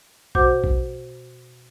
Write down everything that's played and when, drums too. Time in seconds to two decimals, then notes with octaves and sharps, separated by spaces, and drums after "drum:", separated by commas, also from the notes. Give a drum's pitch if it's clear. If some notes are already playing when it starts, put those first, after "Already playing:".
0.35 B2 F#4 C5 F#5 D6 G6, drum: kick A#1
0.64 drum: kick A#1